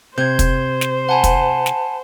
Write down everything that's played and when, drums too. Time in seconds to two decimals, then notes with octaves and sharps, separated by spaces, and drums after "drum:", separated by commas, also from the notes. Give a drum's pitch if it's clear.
0.18 C3 C5 G6 G#6
0.39 drum: kick, hi-hat
0.81 drum: snare
1.09 F#5 G#5 A5 B5
1.24 drum: kick, hi-hat
1.66 drum: snare